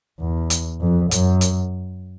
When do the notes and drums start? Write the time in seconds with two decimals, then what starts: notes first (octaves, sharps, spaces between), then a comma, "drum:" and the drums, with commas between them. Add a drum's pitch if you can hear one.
0.20 E2
0.50 drum: hi-hat
0.80 F2
1.11 F#2, drum: hi-hat
1.41 drum: hi-hat